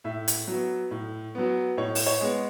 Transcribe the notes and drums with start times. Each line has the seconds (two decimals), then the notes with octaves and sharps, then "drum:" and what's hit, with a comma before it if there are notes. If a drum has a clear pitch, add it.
0.04 A2 E5
0.28 drum: hi-hat
0.48 F#3 B3
0.91 A2
1.35 F#3 B3
1.77 A2 C#5
1.95 drum: open hi-hat
2.07 C#5
2.21 G#3 B3